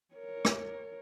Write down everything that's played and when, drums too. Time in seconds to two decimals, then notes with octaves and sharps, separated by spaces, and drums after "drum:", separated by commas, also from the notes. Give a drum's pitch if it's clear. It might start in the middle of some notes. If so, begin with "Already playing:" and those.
0.15 A#4 C#5
0.45 drum: rim click